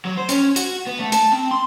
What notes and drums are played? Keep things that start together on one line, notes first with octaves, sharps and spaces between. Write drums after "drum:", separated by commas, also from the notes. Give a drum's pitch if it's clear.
F#3
C5
C#4, drum: hi-hat
F#4, drum: hi-hat
B3
A3
A5, drum: hi-hat
C4
C6